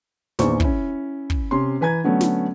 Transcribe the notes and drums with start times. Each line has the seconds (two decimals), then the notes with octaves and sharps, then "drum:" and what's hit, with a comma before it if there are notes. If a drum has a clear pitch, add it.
0.39 A#1 E2 D#3 C5 C#6, drum: snare
0.60 C#4 E4, drum: kick
1.30 drum: kick
1.51 C3 C#4 C6
1.81 E3 B4 G#5 A#5 G#6
2.04 D3 F#3 A3 B3 C#4
2.21 drum: snare